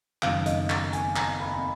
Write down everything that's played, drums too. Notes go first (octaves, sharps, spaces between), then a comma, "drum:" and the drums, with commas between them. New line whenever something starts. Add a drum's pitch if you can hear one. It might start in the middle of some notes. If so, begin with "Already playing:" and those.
F#1 F#2 D#3 F5, drum: clap
D#5, drum: hi-hat
drum: clap
G#5, drum: hi-hat
A#5, drum: clap
B5
B5